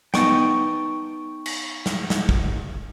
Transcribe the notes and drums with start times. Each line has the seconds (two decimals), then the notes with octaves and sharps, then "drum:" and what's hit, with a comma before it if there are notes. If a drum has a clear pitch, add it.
0.14 B3 D#4 G5 A5 C#6, drum: snare
1.46 drum: cymbal
1.86 drum: snare
2.10 drum: snare
2.29 drum: kick